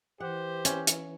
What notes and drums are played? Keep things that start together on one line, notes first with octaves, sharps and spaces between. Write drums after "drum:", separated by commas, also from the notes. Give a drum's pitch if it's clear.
E3 G4 C5 F#5
C#4, drum: hi-hat
drum: hi-hat